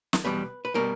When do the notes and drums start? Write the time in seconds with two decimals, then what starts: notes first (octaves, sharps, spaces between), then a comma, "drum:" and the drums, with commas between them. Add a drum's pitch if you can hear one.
0.13 drum: snare
0.24 E2 B2 G3 B4
0.65 B4
0.74 B2 G3 A#4